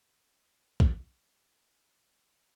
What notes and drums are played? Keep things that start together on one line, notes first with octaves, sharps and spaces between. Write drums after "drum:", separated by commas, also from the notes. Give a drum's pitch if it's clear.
D#3 G#3 C4 A4 C5
drum: kick A#1
F#2 G3 C5 G5 A#5
C3 G#3 B3 C#4 F4